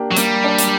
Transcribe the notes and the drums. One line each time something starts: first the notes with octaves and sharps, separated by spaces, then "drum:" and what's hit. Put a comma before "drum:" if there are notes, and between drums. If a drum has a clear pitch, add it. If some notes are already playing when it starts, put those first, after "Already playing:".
Already playing: A#3 D4 G4
F#3
G3 A#3, drum: hi-hat
D4
drum: hi-hat